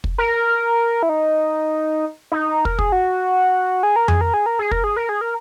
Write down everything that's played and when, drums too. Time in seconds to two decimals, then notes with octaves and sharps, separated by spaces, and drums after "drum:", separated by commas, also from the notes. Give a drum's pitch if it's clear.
0.04 drum: kick
0.18 A#4
1.03 E4
1.09 D#4
2.32 D#4
2.65 A#4, drum: kick
2.79 G#4, drum: kick
2.92 F#4
3.83 G#4
3.96 A#4
4.08 G#4, drum: tom F2
4.21 A#4
4.34 G#4
4.46 A#4
4.59 G#4
4.71 A#4, drum: kick
4.84 G#4
4.96 A#4
5.09 G#4
5.21 A#4